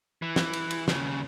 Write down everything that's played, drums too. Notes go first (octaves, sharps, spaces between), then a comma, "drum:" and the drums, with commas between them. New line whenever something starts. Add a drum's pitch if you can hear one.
E3
drum: snare
drum: cymbal
drum: cymbal
D#2 C#3, drum: snare